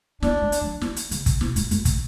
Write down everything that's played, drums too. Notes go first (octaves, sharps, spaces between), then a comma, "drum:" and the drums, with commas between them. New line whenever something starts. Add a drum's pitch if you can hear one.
B3 D4, drum: snare
A3
drum: hi-hat
F#3
D3, drum: snare
drum: hi-hat
C#3, drum: hi-hat
drum: kick, hi-hat
B2, drum: snare
G2, drum: hi-hat
F#2, drum: hi-hat
drum: kick, hi-hat